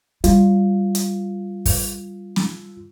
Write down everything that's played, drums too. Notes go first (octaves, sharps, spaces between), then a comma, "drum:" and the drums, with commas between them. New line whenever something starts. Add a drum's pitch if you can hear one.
G3 F4, drum: hi-hat
drum: hi-hat
drum: kick, open hi-hat
drum: snare